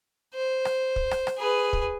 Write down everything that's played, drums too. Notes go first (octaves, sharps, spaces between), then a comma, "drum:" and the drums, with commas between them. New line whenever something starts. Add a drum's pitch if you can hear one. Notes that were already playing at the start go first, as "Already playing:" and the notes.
C5
drum: rim click
drum: kick
drum: rim click
drum: rim click
G#4 B4
drum: kick